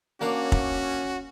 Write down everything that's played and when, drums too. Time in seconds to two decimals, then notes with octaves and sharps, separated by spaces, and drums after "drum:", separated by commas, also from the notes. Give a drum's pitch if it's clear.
0.21 A#3 C#4 D4 F#4 F5
0.52 drum: kick